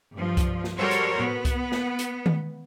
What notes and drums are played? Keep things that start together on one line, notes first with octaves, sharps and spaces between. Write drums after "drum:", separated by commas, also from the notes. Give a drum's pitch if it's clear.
G2 F3
drum: kick C2, hi-hat
drum: snare
G3 F#4 A4 A#4 C5 C#5
drum: hi-hat
B3, drum: tom A2
drum: kick C2, hi-hat
drum: snare
drum: hi-hat
drum: tom D#3